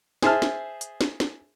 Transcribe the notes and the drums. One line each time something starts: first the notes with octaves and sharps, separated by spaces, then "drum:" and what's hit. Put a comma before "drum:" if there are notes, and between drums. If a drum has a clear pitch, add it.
G#4 C5 E5 A5 F6, drum: snare
drum: snare
drum: hi-hat
drum: snare
drum: snare